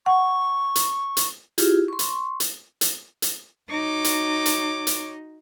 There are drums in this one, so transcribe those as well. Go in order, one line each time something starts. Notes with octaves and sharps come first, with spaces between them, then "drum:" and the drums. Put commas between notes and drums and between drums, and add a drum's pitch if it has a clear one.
F#5 C#6
drum: hi-hat
drum: hi-hat
E4 F4 G4 G#4, drum: hi-hat
C6 C#6
drum: hi-hat
drum: hi-hat
drum: hi-hat
drum: hi-hat
D#4 F#4 C#5 D6
drum: hi-hat
drum: hi-hat
drum: hi-hat